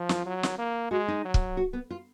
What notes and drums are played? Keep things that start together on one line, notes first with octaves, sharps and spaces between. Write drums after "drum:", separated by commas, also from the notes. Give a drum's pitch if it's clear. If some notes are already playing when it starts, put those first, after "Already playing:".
Already playing: F3
F4, drum: snare
F#3
drum: snare
A#3
G#3 F#4
D#4
F#3
drum: kick
F#4
B3
F4